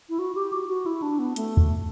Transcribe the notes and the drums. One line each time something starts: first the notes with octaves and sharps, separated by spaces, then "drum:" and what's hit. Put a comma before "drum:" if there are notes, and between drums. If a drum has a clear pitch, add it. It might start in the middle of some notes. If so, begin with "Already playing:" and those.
E4
F#4
G4
F#4
F#4
E4
D4
B3
A3, drum: hi-hat
drum: kick